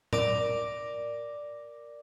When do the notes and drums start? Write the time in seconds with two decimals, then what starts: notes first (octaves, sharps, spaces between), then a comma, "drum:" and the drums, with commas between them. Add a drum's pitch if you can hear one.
0.13 A#4 D5 D6 A#6, drum: tom A2